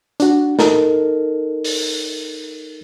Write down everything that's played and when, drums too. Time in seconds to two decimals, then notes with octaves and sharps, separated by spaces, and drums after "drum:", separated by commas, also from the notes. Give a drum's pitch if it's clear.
0.20 D4 F#4, drum: hi-hat
0.59 D#4 A4 A#4, drum: snare
1.64 drum: open hi-hat